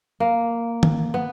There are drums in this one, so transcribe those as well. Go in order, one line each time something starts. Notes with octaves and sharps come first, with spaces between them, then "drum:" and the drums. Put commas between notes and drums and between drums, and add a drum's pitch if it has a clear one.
A#3
drum: tom D#3
B3